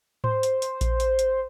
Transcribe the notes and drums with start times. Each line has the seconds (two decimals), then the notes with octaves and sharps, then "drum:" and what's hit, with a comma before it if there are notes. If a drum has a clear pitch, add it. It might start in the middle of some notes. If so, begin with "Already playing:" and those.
0.24 C5, drum: tom G#2
0.43 drum: hi-hat
0.62 drum: hi-hat
0.81 drum: kick A#1, hi-hat
1.00 drum: hi-hat
1.19 drum: hi-hat